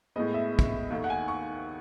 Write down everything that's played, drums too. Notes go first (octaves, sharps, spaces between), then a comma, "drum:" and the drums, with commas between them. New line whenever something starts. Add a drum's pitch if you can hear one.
A2 G#3 B3 D#5
E5
drum: kick
D#2 D#3 A3
F#5
G#5
C#6